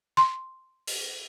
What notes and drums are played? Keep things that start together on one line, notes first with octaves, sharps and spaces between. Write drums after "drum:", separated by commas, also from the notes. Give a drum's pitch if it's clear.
C6
drum: open hi-hat